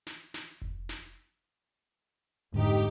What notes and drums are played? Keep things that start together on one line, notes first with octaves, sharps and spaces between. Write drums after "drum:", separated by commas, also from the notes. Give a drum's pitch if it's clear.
drum: snare
drum: snare
drum: kick F1
drum: snare
F1 G#2 D3 D#4 G4